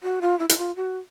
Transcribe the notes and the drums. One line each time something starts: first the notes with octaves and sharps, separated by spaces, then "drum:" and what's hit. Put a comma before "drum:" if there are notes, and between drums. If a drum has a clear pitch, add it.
F#4
F4
E4
E4, drum: hi-hat
F4
F#4